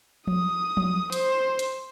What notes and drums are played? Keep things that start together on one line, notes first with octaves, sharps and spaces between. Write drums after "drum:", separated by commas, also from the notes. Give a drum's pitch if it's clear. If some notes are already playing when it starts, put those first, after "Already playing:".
D#6, drum: tom F3
drum: tom F3
C5, drum: hi-hat
drum: hi-hat